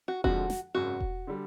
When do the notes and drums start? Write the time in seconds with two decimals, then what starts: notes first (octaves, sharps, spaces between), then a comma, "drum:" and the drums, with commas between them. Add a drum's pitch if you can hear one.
0.08 F#4
0.24 F2 D3 F3 G#3 F#4, drum: kick E1
0.50 drum: snare
0.74 G#1 F#2 C#3 F#4
1.00 drum: kick E1
1.27 D3 G3